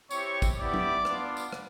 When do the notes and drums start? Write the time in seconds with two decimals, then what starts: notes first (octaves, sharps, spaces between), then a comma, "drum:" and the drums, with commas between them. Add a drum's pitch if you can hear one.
0.11 C4 E4 G4 C#5 C#6, drum: tambourine
0.42 drum: kick, tambourine
0.58 B3 E4 G4 D5 D6
0.74 drum: tom
1.05 B3 D4 F4, drum: rim click
1.37 drum: tambourine
1.53 drum: rim click